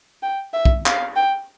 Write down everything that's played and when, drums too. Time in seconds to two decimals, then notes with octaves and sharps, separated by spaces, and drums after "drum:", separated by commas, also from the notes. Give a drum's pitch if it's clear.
0.23 G5
0.54 E5
0.65 drum: kick B1
0.86 F5, drum: clap
1.16 G5